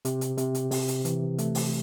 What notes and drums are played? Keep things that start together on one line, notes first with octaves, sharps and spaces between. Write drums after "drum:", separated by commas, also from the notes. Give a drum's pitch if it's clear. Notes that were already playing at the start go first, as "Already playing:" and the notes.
C3, drum: hi-hat
drum: hi-hat
C3, drum: hi-hat
drum: hi-hat
C3, drum: open hi-hat
drum: hi-hat
E3, drum: hi-hat
A3, drum: hi-hat
drum: open hi-hat